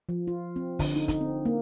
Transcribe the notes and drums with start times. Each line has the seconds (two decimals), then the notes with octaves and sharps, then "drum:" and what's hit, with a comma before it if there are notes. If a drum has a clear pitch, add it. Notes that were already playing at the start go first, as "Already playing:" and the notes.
0.09 F3
0.28 F4
0.56 C4
0.79 D3, drum: kick, open hi-hat
0.96 D#4
1.08 D#4, drum: kick, hi-hat
1.21 C4
1.45 A#3